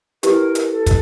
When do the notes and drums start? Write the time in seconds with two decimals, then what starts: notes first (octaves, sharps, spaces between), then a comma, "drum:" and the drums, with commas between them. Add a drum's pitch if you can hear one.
0.23 E4 G4 A#4 B4, drum: hi-hat
0.55 drum: hi-hat
0.70 A4
0.86 drum: kick, hi-hat